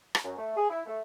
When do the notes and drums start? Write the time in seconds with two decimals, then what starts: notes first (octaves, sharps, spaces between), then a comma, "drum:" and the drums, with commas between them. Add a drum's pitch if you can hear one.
0.15 drum: rim click
0.24 F#2
0.38 A3
0.56 G#4
0.70 E4
0.86 A3